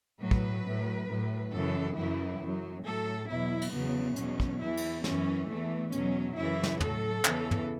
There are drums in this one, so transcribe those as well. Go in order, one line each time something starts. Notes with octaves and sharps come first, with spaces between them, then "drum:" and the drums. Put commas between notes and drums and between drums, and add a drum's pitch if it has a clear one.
A2 F#3 B4
drum: kick
A2 F#3
A2 F#3
F#2 C#3 E3 A4
F#2 C#3 E3 E4
F#2 F#3
A2 F#3 A4
E2 B2 F#3 E4
drum: cymbal
E2 C#3 F#3 B3
E2 B2 F#3 C#4, drum: hi-hat
drum: kick
E2 E3 E4
drum: cymbal
F#2 E3 C#4, drum: snare
E2 E3 A3
E2 B2 F#3 C#4, drum: hi-hat
F#2 C#3 E3 E4
drum: snare
A2 F#3 A4, drum: tom
E2 C#3 E3, drum: clap
drum: tom